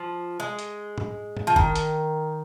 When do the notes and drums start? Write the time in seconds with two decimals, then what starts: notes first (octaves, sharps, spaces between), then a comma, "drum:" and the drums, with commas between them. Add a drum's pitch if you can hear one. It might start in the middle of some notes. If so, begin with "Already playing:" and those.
Already playing: F3
0.40 G#3
0.59 drum: hi-hat
0.98 drum: tom
1.37 drum: tom
1.47 F3
1.56 D#3, drum: kick G1
1.76 drum: hi-hat